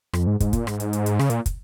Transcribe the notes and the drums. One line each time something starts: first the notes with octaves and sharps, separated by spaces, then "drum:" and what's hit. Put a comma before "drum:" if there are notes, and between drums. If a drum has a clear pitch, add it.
F2, drum: rim click
G#2
G#2, drum: kick, hi-hat
A#2, drum: kick, hi-hat
G#2, drum: rim click
drum: hi-hat
drum: hi-hat
drum: hi-hat
C#3, drum: rim click
A#2, drum: hi-hat
drum: kick, hi-hat